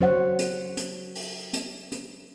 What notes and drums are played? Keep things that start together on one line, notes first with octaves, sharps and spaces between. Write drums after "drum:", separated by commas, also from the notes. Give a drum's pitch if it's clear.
F#3 C#4 C5 C#5 F#5
drum: hi-hat
drum: hi-hat
drum: open hi-hat
drum: hi-hat
drum: hi-hat